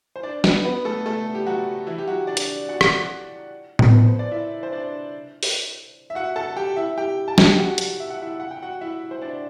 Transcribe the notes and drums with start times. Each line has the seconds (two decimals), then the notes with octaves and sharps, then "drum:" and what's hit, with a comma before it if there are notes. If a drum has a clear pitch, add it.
0.16 C5
0.23 D4 D5
0.44 B3 B4, drum: snare
0.64 B3 B4
0.85 A3 A4
1.06 A3 A4
1.35 G4
1.46 F#3 F#4
1.87 E3 E4
1.98 G4
2.08 F#3 F#4
2.27 D4 D5
2.37 drum: hi-hat
2.69 F#4 F#5
2.81 drum: rim click
3.79 A4, drum: tom A2
3.92 B4
4.05 C5
4.19 D5
4.31 E4 E5
4.63 C5
4.72 D4 D5
5.43 drum: open hi-hat
6.10 E5
6.15 F#4 F#5
6.36 A4 A5
6.56 G4 G5
6.76 E4 E5
6.98 G4 G5
7.28 A5
7.38 G4 G5, drum: snare
7.58 F#4 F#5
7.78 drum: hi-hat
8.00 E5
8.10 F#5
8.22 E4 E5
8.40 F#5
8.51 G5
8.63 F#4 F#5
8.81 E4 E5
9.11 C5
9.22 D4 D5